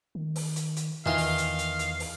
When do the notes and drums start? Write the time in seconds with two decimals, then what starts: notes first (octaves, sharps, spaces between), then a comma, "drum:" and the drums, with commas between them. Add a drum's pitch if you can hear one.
0.15 D#3
0.36 drum: open hi-hat
0.56 drum: hi-hat
0.77 drum: hi-hat
1.06 E2 D#3 E3 F4 F5
1.18 drum: open hi-hat
1.38 drum: hi-hat
1.59 drum: hi-hat
1.79 drum: hi-hat
2.00 drum: open hi-hat